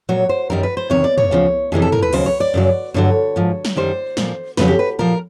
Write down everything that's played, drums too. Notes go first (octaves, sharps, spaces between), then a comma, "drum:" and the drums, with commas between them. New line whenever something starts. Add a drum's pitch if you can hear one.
A#2 F#3 C#5
C5
F#2 D#3 G3 A#4
B4
C5
E2 C3 D#3 C#5
D5
C#5, drum: tom
E2 C#3 F3
F2 C3 E3 G3 G#4
A4
A#4, drum: tom
B4
D#2 C#3 F#3 C5, drum: cymbal
C#5
D5
F#2 C#3 F#3
G2 D3 F#3 C#5
G#2 F3
drum: snare
F#2 D#3 G3 C5
A#2 F3, drum: snare
F2 C#3 F#3 B4, drum: snare
G4
B4
A#2 F3 A#4